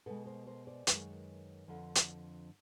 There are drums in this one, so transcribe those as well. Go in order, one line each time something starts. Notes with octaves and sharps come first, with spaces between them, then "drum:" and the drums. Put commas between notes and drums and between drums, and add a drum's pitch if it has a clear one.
B2 G#3 A4 B4
A#4 C5
A#4 C5
C5 D5
F#2 D#3 G#3 B4 C#5, drum: hi-hat
F2 D3 F3
drum: hi-hat